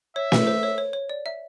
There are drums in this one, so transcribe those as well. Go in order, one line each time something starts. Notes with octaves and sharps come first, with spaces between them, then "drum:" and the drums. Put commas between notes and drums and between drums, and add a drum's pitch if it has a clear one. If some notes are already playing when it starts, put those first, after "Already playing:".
C#5 E5
B4, drum: snare
C5
C#5
C#5
C#5
D5
E5